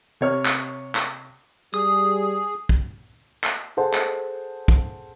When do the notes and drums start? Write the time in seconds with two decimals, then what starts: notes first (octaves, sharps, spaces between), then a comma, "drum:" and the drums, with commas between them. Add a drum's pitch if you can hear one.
0.21 C3 C#5 F6
0.46 drum: clap
0.95 drum: clap
1.74 G3 G#4 D#6
2.69 drum: kick
3.44 drum: clap
3.77 G#4 A4 C5 F#5 A5
3.94 drum: clap
4.68 drum: kick